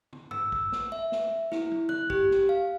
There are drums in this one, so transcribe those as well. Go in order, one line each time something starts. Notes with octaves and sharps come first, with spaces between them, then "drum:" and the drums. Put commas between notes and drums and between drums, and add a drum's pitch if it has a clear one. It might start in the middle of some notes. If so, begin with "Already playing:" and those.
drum: tom
E6, drum: tom G2
drum: kick
drum: snare
E5
drum: snare
E4, drum: snare
drum: tom
F#6, drum: tom
G4, drum: kick
drum: snare
F5